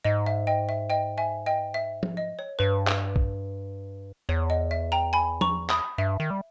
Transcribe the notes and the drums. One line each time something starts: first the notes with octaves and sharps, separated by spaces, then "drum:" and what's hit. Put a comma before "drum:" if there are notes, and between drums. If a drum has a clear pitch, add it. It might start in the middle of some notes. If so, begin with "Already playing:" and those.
G#2 D#5
E5
D#5 G5
E5
D#5 G5
E5 G#5
D#5 G5
E5
drum: tom F3
D#5
C#5
G2 B4
drum: clap
drum: kick
E2 C#5
D#5
E5
G5 A#5
G#5 B5
A#5 C#6, drum: tom F3
B5 D#6, drum: clap
G2 E5
D#3
G3